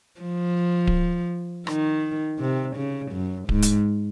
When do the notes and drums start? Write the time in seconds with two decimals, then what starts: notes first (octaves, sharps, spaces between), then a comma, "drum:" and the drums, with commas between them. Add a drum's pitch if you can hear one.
0.21 F3
0.87 drum: kick D1
1.67 D#3, drum: rim click
2.39 C3
2.76 C#3
3.12 F#2
3.49 G#2, drum: kick D1
3.62 drum: hi-hat